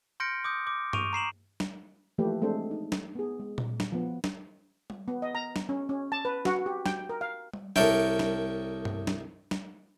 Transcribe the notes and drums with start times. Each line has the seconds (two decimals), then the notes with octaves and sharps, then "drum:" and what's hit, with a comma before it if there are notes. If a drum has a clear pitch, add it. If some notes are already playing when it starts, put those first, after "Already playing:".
0.20 C6 F6 G6 A#6 C#7 D7
0.44 D6 D#6 G6
0.67 D6
0.93 C#6 D7 D#7 F7, drum: tom G2
1.13 A#5 C7 E7 F#7
1.60 drum: snare
2.18 E3 F3 A3 A#3 G4 B4
2.42 G#3 A3 C4 D4 A4 C5
2.71 D#4
2.92 drum: snare
3.15 B3 G#4
3.40 G#3
3.58 drum: tom A#2
3.80 drum: snare
3.92 F3 B3
4.24 drum: snare
4.90 drum: tom G3
5.08 B3
5.22 D#5
5.35 A#5
5.56 drum: snare
5.69 C#4
5.89 C#4
6.12 A5
6.25 B4
6.45 F#4, drum: snare
6.66 G4
6.86 G5, drum: snare
7.10 A#4
7.21 F5
7.53 drum: tom G3
7.76 C2 A4 A#4 C#5 E5 G5, drum: snare
8.19 drum: snare
8.85 drum: tom G2
9.07 drum: snare
9.51 drum: snare